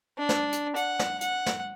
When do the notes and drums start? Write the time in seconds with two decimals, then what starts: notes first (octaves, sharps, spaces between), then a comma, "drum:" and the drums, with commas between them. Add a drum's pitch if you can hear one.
0.18 D4
0.29 drum: snare
0.52 drum: hi-hat
0.76 F#5, drum: hi-hat
0.99 drum: snare
1.21 F#5, drum: hi-hat
1.46 drum: snare